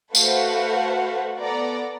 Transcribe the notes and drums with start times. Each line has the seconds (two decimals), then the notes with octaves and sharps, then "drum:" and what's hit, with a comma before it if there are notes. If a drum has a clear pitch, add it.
0.15 A3 F#4 B4 C5 F5 F#5, drum: tambourine
1.37 B3 A4 D5 A#5